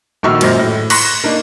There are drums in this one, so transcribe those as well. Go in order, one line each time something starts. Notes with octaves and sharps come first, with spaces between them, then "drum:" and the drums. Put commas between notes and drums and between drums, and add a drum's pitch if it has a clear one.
A#1 D#3 F#4 C#6 E6 F6
F#2 A#2 G#3 C5 F6 A#6, drum: cymbal
A2
C6 C#6 F#6 A#6 B6 C#7, drum: cymbal
A#3 D4 D#4